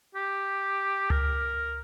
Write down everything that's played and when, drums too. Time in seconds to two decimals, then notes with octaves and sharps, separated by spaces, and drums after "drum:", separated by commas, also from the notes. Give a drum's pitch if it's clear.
0.15 G4
1.10 A#4, drum: tom C#2